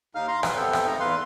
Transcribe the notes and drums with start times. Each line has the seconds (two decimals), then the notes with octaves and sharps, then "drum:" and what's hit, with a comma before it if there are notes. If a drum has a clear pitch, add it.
0.15 D#2 D#4 F5 F6
0.28 F5 A#5 C6
0.43 F#3 B4, drum: rim click
0.56 C3 B3 A4 G5
0.73 drum: rim click
0.87 G#2 A3 D#4 A#5
1.00 E2 B4 F5 C6